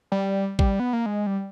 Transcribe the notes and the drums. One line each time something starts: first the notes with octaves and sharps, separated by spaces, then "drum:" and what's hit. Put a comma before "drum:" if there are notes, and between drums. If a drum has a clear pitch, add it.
G3
G3, drum: kick
B3
A#3
G#3
G3